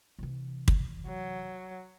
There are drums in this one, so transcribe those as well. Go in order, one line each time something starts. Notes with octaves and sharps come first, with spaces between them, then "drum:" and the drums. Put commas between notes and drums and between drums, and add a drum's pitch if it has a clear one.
C3 E3
drum: kick
F#3